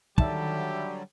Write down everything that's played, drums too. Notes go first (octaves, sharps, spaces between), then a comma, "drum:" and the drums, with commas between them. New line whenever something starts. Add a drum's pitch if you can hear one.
D3 D#3 F#3 G3 G4 E5 A5 E6, drum: kick